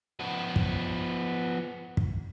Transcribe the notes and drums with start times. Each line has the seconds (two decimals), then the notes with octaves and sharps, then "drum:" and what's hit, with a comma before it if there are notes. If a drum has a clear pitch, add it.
0.20 F3 B3
0.56 drum: kick
1.97 drum: kick